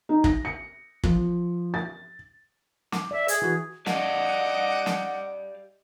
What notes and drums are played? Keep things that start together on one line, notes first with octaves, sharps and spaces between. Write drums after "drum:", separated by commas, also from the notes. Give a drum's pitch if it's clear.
D#4
A#6, drum: kick
C#7
F3, drum: kick
A6
D6, drum: snare
D5 E5
G#4, drum: hi-hat
E3 F#4
G4 D5 D#5 F5 F#5 D6, drum: snare
drum: snare